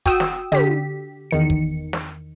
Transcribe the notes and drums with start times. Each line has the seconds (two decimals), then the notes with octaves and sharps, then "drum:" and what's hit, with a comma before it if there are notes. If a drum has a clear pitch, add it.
0.06 F#4 G5 D#6 E6, drum: kick
0.20 drum: snare
0.52 D3 G4 B6, drum: tom
1.31 E2 D#3 C#7
1.50 drum: kick
1.93 drum: snare